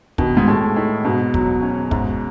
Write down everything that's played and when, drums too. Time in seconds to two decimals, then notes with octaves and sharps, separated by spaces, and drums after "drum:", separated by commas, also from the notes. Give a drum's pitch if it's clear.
0.18 B2 D#3, drum: kick
0.37 G#2
0.48 A2 G#3
0.76 A2 D#4
1.04 G#2 B2
1.34 F#3, drum: kick
1.62 C#4
1.91 G#2, drum: kick